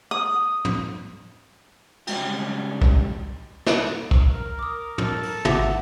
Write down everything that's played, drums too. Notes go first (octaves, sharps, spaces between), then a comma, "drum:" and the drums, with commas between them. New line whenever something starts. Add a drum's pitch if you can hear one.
D#6
drum: tom
C#3 G3 G#3 F#4 G4, drum: cymbal
drum: kick
drum: snare
A#4, drum: kick
D6 D#6
A4, drum: tom
drum: open hi-hat
G#1 E5 F#5 D6, drum: tom